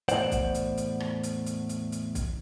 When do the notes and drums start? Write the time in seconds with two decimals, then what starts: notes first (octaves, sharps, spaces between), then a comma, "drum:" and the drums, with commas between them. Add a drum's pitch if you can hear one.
0.09 E2 A2 C5 D5 F#5, drum: hi-hat
0.32 drum: kick, hi-hat
0.54 drum: hi-hat
0.77 drum: hi-hat
1.00 drum: rim click
1.23 drum: hi-hat
1.46 drum: hi-hat
1.69 drum: hi-hat
1.92 drum: hi-hat
2.15 drum: kick, hi-hat